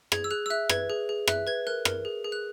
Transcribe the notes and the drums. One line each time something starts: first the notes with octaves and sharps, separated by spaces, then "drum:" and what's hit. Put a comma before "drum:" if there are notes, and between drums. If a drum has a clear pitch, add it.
G#4 G#6, drum: rim click
E6
G#4 F#6
E6
E5 F#6
B4 G#6, drum: rim click
G#4
G#4
E5 F#6, drum: rim click
B4 G#6
A#4 F#6
A#4, drum: rim click
G#4
G#4
F#6